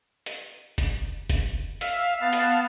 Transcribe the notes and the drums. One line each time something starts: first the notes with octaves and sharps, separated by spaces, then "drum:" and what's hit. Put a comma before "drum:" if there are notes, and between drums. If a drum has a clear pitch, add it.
drum: hi-hat
drum: kick F#1, hi-hat
drum: kick F#1, hi-hat
E5 F5, drum: hi-hat
B3 F5 A5
drum: hi-hat